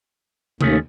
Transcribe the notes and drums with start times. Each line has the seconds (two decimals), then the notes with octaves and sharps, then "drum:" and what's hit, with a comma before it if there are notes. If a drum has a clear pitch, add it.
0.61 D#2 D#3 A3 C#4, drum: tom C3